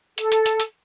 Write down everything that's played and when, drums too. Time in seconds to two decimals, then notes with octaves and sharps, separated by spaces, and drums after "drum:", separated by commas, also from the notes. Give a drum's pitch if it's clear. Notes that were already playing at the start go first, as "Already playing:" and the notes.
0.18 A4, drum: hi-hat
0.32 drum: hi-hat
0.46 drum: hi-hat
0.60 drum: hi-hat